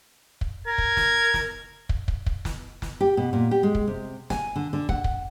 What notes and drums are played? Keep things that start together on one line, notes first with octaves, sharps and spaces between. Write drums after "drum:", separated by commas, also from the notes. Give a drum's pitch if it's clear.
drum: kick
A#4 G#6
drum: kick
drum: snare
drum: snare
drum: kick
drum: kick
drum: kick
drum: snare
drum: snare
G4
B2
A#2
G4
G#3
drum: kick
C3
G#5, drum: snare
D3
D3
F#5, drum: kick
drum: kick